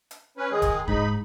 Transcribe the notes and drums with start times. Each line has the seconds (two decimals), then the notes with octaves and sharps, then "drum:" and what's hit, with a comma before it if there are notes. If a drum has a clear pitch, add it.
0.11 drum: hi-hat
0.37 C#4 B4
0.51 D#3 G#3 G#4
0.62 drum: kick, hi-hat
0.88 G#2 D#4 B5, drum: kick